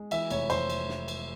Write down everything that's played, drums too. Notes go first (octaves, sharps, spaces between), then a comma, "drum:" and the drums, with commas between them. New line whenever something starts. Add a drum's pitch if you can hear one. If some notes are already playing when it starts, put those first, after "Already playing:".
Already playing: G#3
E3 E5, drum: cymbal
F1 C#5, drum: cymbal
F2 C5, drum: cymbal
drum: cymbal
drum: snare
drum: cymbal